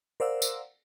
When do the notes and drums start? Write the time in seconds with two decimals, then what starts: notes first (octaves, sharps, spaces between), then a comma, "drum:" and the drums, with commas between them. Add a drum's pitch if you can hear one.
0.20 A#4 C5 D5 F5 F#5 E6
0.42 drum: tambourine